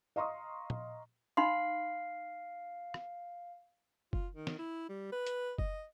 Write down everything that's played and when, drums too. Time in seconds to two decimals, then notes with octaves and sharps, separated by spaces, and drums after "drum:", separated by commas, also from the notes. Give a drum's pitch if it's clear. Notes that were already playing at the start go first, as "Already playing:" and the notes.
0.16 D#5 F5 A#5 C6 C#6 D#6
0.70 drum: tom A#2
1.37 D#4 F5 B5 C6
2.94 drum: rim click
4.13 F4, drum: kick F#1
4.32 D#3
4.47 drum: snare
4.59 E4
4.89 G3
5.12 B4
5.27 drum: hi-hat
5.58 D#5, drum: kick F#1